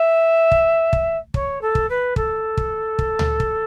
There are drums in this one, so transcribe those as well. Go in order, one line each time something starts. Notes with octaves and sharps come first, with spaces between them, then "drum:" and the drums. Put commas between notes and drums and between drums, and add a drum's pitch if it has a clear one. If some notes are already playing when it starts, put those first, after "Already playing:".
Already playing: E5
drum: kick
drum: kick
C#5, drum: kick
A4
drum: kick
B4
A4, drum: kick
drum: kick
drum: kick
drum: tom C#2
drum: kick